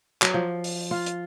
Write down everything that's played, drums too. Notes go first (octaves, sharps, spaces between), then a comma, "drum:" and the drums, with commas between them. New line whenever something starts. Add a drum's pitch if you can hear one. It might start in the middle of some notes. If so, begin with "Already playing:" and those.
F#3, drum: clap
F3
drum: open hi-hat
F4
drum: hi-hat